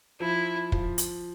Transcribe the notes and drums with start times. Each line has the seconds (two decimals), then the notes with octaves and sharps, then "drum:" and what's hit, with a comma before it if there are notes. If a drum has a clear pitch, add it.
0.20 F3 E4
0.72 F3, drum: kick
0.98 drum: hi-hat